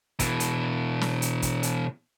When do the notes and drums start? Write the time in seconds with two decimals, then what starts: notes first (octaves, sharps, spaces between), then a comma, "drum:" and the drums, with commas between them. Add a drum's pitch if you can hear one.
0.20 B2 E3, drum: kick, hi-hat
0.40 drum: hi-hat
1.01 drum: snare
1.22 drum: hi-hat
1.42 drum: kick, hi-hat
1.63 drum: hi-hat